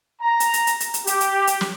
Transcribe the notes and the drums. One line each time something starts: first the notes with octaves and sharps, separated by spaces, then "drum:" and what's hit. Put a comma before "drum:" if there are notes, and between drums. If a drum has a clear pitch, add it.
A#5
drum: hi-hat
drum: hi-hat
drum: hi-hat
drum: hi-hat
drum: hi-hat
G4, drum: hi-hat
drum: hi-hat
drum: hi-hat
drum: snare